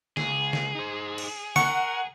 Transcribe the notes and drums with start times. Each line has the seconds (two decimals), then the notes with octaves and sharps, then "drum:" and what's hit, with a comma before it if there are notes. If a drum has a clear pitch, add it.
0.17 C#2 G#4, drum: snare
0.53 drum: snare
0.75 D#4 C5
1.18 drum: cymbal
1.56 A#4 F#5 C#6, drum: snare